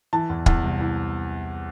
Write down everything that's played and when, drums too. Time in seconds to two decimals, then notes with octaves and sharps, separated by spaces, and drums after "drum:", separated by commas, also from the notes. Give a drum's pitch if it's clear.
0.13 E3 A5
0.30 E2
0.46 E2, drum: kick
0.63 C2
0.81 E3